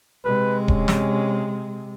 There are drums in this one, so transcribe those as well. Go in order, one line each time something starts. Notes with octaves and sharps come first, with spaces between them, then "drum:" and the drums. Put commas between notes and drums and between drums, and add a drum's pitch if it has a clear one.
C3 G#3 B4
C#4, drum: kick D#1
drum: snare